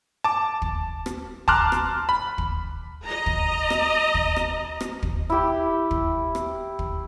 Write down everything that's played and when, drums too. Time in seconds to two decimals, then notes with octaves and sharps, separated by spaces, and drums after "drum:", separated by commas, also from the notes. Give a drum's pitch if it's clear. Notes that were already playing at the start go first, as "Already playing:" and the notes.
0.24 A5 D6
0.62 drum: kick
1.06 drum: rim click
1.48 A5 A#5 C6 D6 F6 F#6, drum: kick
1.72 drum: rim click
2.09 B5
2.38 drum: kick
3.04 D#5 A#5
3.26 drum: kick
3.70 drum: rim click
4.14 drum: kick
4.36 drum: rim click
4.81 drum: rim click
5.03 drum: kick
5.30 E4 G4
5.91 drum: kick
6.35 drum: rim click
6.79 drum: kick